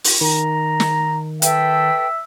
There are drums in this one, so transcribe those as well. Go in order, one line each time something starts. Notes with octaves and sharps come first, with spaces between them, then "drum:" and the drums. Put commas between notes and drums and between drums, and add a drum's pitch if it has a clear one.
drum: open hi-hat
D#3 A#5
drum: snare
A4 B4 E5 G5, drum: hi-hat